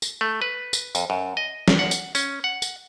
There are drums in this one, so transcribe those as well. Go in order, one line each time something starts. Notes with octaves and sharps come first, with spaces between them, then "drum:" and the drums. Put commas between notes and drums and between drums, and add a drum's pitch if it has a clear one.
drum: tambourine
A3
B4
drum: tambourine
F2, drum: tambourine
F#2
D#5
drum: snare
F#5
drum: tambourine
C#4, drum: tambourine
F#5
drum: tambourine